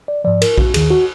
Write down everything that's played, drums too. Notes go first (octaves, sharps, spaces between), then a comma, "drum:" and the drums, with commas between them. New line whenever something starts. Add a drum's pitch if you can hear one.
D5
G#2 F3 D5
A#4, drum: cymbal
F#4, drum: kick A#1
D#2 D#3 G#4, drum: cymbal
F#4